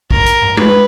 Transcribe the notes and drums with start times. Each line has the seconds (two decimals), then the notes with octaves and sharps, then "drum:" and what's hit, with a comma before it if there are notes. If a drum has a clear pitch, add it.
0.11 A#4, drum: kick
0.26 drum: hi-hat
0.42 drum: tom
0.57 B4, drum: tom G#3